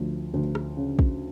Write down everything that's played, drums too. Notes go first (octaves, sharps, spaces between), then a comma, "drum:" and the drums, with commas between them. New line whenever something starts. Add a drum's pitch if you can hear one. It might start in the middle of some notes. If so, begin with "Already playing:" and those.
Already playing: D2 F3
D2
drum: rim click
C#3
drum: kick